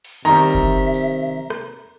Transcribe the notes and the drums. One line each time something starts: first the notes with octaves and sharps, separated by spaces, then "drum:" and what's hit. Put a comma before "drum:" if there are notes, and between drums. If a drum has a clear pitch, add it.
drum: open hi-hat
C3 D#3 G3 E5 A#5, drum: cymbal
drum: kick F#1
drum: tambourine
drum: rim click